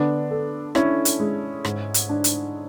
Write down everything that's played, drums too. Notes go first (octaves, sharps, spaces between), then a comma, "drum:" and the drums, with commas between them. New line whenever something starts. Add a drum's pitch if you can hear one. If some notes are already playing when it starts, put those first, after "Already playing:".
Already playing: D3 B3 D4
A4
C#4 D4 E4, drum: rim click
drum: hi-hat
G#3
G#2, drum: rim click
drum: hi-hat
D4
drum: hi-hat